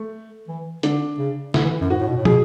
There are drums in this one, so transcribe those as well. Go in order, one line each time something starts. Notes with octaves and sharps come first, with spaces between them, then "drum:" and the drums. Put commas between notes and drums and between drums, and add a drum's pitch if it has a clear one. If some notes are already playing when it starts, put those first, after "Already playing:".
Already playing: A3
E3
D3 D4, drum: hi-hat
C#3
D3 E4, drum: snare
E3
F#2
G#2 F#4
A2
B2
A2
B2 G#4, drum: tom